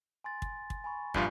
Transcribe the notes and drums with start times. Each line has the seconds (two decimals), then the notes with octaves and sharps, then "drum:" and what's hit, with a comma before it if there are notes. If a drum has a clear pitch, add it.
0.24 G#5 C6 A6
0.42 drum: kick
0.70 drum: kick
0.84 G#5 B5 C#6
1.14 A#1 G2 F4, drum: kick